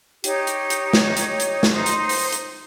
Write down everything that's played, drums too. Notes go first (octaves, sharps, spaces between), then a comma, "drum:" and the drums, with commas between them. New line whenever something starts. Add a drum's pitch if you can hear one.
D#4 G4 C#5, drum: hi-hat
drum: hi-hat
drum: hi-hat
drum: snare
drum: hi-hat
drum: hi-hat
drum: snare
D#4 C5
drum: hi-hat
drum: open hi-hat
drum: hi-hat